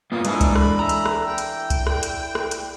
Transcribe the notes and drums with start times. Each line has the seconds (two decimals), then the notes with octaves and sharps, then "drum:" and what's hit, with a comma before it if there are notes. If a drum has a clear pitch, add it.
0.12 A#3 B3 F4 D#6
0.25 E3 G#3 D4 A#4 A#5, drum: hi-hat
0.41 drum: kick C2, hi-hat
0.56 B5, drum: rim click
0.79 A4 E5 A#5
0.89 drum: hi-hat
1.06 drum: rim click
1.25 G5
1.38 drum: hi-hat
1.70 drum: kick C2, hi-hat
1.87 drum: rim click
2.03 drum: hi-hat
2.35 drum: rim click
2.51 drum: hi-hat